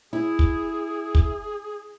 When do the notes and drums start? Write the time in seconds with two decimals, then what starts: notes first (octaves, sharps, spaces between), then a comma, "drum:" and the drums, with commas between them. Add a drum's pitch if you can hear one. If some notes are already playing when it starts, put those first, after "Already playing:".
0.13 E4 G#4
0.39 drum: kick
1.15 drum: kick